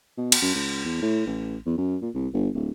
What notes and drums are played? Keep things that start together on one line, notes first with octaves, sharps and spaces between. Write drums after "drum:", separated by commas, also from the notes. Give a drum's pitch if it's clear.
B2
drum: cymbal
F#2
C#2
E2
A2
A1
E2
F#2
A#2
C2
G1
D1